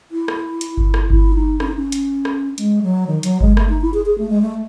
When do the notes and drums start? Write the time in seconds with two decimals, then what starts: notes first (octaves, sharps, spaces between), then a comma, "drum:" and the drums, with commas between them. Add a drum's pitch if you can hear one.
0.12 E4
0.28 drum: rim click
0.61 drum: hi-hat
0.77 drum: kick G1
0.94 drum: rim click
1.10 E4, drum: kick G1
1.34 D#4
1.60 C#4, drum: rim click
1.68 D#4
1.76 C#4
1.92 drum: hi-hat
2.25 drum: rim click
2.58 G#3, drum: hi-hat
2.83 F#3
3.07 D#3
3.23 F#3, drum: hi-hat
3.41 G#3, drum: kick G1
3.57 A3, drum: rim click
3.69 D#4
3.81 E4
3.94 G#4
4.06 G#4
4.18 A3
4.30 G#3
4.42 A3